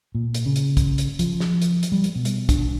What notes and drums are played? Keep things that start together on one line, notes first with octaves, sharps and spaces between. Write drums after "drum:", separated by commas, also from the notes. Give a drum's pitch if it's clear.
A#2
drum: hi-hat
C#3
drum: hi-hat
drum: kick, hi-hat
drum: hi-hat
F3, drum: hi-hat
drum: snare
drum: hi-hat
drum: hi-hat
G3
drum: hi-hat
B2
drum: hi-hat
D4, drum: kick, hi-hat